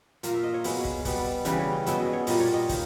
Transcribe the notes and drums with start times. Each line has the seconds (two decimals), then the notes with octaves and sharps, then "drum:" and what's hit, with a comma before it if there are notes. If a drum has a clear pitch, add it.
0.23 A#2 A#3 A#4, drum: hi-hat
0.34 E5
0.43 D#5
0.54 C#5
0.64 B2 G#3 B3, drum: open hi-hat
0.85 drum: kick
1.05 B2 G3 B3, drum: kick, open hi-hat
1.45 C#3 E3 G3 B4, drum: hi-hat
1.59 C#5
1.73 D#5
1.86 B2 G#3 B3 E5, drum: hi-hat
2.00 D#5
2.13 C#5
2.27 A#2 G3 A#3 D#5, drum: open hi-hat
2.40 C#5
2.54 D#5
2.69 D#3, drum: kick, open hi-hat